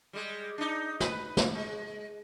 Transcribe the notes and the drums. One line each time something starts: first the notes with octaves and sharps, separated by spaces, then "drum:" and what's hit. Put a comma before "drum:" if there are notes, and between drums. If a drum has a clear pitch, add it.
G3 G#3
D4 D#4
B4, drum: snare
drum: snare
G#3